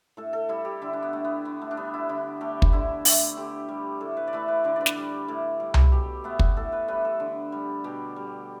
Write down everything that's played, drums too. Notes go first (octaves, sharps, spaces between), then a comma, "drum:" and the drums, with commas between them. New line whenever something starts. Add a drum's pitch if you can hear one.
A2 A4
A4
G3 E4
G4
D3 E4
D4
B3
A3
B3
D3 B3
A3
D4
G3 B3
E4
D3 E4
A3 G4
drum: kick
D3 E4
A3, drum: open hi-hat
D3 G4
G3
A2 A4
B4
D5
E3 A3 B4
B4
D3 D5
B4 D5
drum: snare
G3
A2 A4
G3
drum: tom C2
B2 G4
A3 B3
drum: kick
A2 A4
B4
E3 G3 B4
A4
D3
G3
B2 G4
G3